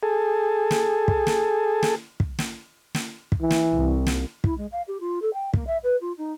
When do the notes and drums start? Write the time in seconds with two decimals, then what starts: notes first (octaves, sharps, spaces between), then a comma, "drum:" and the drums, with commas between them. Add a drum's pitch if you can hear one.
0.03 G#4 A4
0.71 drum: snare
1.08 drum: kick
1.27 drum: snare
1.83 drum: snare
2.20 drum: kick
2.39 drum: snare
2.95 drum: snare
3.32 drum: kick
3.41 E3
3.51 drum: snare
3.74 C2
4.06 drum: snare
4.44 E4, drum: kick
4.57 G#3
4.72 F5
4.87 G4
5.00 F4
5.22 A4
5.33 G5
5.54 A#3, drum: kick
5.66 E5
5.83 B4
6.01 F4
6.17 D#4